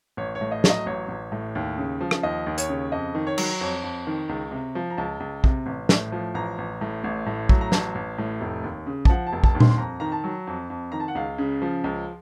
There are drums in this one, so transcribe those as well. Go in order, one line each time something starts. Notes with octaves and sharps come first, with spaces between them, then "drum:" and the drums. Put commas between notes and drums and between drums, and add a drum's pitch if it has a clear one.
A1 C#5
C#5
A2
D#5
F#3, drum: snare
D#5
A1 C#5
A1
A2
D#2
C#3
F3
drum: rim click
D#2 D#5
D#2
C#5, drum: hi-hat
C#3
F2 D#5
D#3
C#5
F#3, drum: cymbal
F2 C#5
F2
D#3
C#2
C3
F3
A#5
C#2 A5
C#2
C3, drum: kick
A1
A2, drum: snare
F3
A1 A#5
A1
A2
A1
A2
F#3, drum: kick
A#5
A1 A5, drum: snare
A1
A2
F1
D#2
C#3
A5, drum: kick
F3 F#5
A5
F1
A5, drum: kick
D#2
C6, drum: tom A#2
C6
F2 A#5
D#3 A#5
A5
F#3
F2
F2
D#3 A#5
A5
F#5
C#2 F5
C#3
F3
C#2